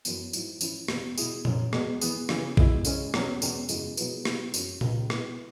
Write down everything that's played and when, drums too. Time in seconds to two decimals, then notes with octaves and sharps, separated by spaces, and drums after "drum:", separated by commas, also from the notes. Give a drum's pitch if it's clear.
0.05 F#2 E3 B3, drum: tambourine
0.33 G#2 F#3 E4, drum: tambourine
0.61 E3 C#4 E4, drum: tambourine
0.88 E2 B2 B3, drum: rim click
1.18 B2 B3 E4 G#4, drum: tambourine
1.45 F#2 F#3 C#4, drum: tom A#2
1.73 E2 B2 G#3 B3, drum: rim click
2.01 E3 B3 G#4, drum: tambourine
2.29 C#3 E3 B3, drum: rim click
2.57 B2 G#3 E4, drum: kick
2.85 C#3 G#3 C#4, drum: tambourine
3.14 E2 B2 F#3 C#4, drum: rim click
3.42 E2 B2 G#3 C#4, drum: tambourine
3.69 F#2 C#3 G#3 B3 E4, drum: tambourine
3.97 B2 F#3 E4 G#4 B4, drum: tambourine
4.25 B2 B3 E4 G#4, drum: rim click
4.54 F#2 F#3 C#4, drum: tambourine
4.81 C#2 C#3 G#3, drum: tom A#2
5.10 B2 B3 E4 B4, drum: rim click